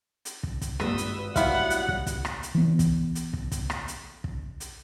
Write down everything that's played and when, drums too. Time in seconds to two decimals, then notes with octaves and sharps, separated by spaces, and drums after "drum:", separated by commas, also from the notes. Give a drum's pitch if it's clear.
0.25 drum: hi-hat
0.43 drum: kick
0.62 drum: kick, hi-hat
0.80 G#1 G2 A#2 B4 D#6 E6, drum: rim click
0.98 drum: hi-hat
1.36 F#3 G3 B3 E4 F5 F#5, drum: kick, hi-hat
1.70 drum: hi-hat
1.88 drum: kick
2.07 drum: kick, hi-hat
2.25 drum: rim click
2.43 drum: hi-hat
2.55 E3 B3
2.79 drum: kick, hi-hat
3.15 drum: hi-hat
3.33 drum: kick
3.52 drum: kick, hi-hat
3.70 drum: rim click
3.88 drum: hi-hat
4.24 drum: kick
4.60 drum: hi-hat